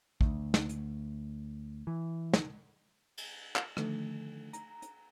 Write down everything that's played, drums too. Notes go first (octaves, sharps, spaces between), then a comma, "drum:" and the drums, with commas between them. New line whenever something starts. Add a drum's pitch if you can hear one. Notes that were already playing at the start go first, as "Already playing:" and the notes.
D2, drum: kick
drum: snare
drum: hi-hat
E3
drum: snare
drum: cymbal
drum: clap
D3 D#3 F3 A3, drum: rim click
A#5, drum: hi-hat
drum: hi-hat